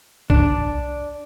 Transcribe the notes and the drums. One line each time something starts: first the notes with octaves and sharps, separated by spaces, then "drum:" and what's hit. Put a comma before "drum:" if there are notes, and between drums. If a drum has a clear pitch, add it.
D4, drum: kick B1